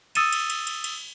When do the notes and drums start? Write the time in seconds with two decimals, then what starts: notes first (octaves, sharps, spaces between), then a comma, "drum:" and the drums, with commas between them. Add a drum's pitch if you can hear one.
0.15 D#6 E6 A6 C#7 D#7 E7, drum: cymbal
0.32 drum: cymbal
0.50 drum: cymbal
0.67 drum: cymbal
0.84 drum: cymbal